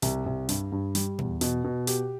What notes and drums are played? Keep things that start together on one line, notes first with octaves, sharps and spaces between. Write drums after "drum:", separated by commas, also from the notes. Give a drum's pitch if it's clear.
C2, drum: hi-hat
C2
G2, drum: hi-hat
G2
G3, drum: hi-hat
E2, drum: tom A#2
B2, drum: hi-hat
B2
G4, drum: hi-hat